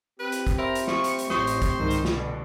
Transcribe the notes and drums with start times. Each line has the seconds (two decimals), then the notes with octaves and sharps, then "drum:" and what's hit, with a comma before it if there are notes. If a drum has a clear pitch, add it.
0.19 C4 G4 B4
0.32 drum: hi-hat
0.47 drum: kick, hi-hat
0.58 A#4 C5 E5 B5
0.75 drum: hi-hat
0.87 F3 C#6, drum: snare
1.04 drum: hi-hat
1.19 drum: hi-hat
1.30 A1 A2 C5 C#6 D#6, drum: snare
1.47 drum: hi-hat
1.62 drum: kick, hi-hat
1.74 C2 G#2 D#3
1.91 drum: hi-hat
2.05 B2 D3 G3 B3, drum: snare